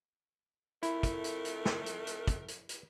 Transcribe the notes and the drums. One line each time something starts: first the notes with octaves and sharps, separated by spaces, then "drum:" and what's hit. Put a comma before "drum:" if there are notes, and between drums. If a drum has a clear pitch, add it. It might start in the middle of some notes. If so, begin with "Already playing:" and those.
F2 A3 E4 A#4, drum: hi-hat
drum: kick, hi-hat
drum: hi-hat
drum: hi-hat
drum: snare
drum: hi-hat
drum: hi-hat
drum: kick, hi-hat
drum: hi-hat
drum: hi-hat